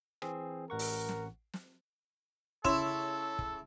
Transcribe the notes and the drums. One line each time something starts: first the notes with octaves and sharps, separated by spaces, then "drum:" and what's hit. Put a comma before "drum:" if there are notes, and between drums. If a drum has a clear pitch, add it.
E3 C4 G#4, drum: rim click
A1 A#4 F#5 C#6
drum: open hi-hat
drum: snare
drum: snare
C#3 E4 A4 C#5 C6 E7, drum: kick
drum: kick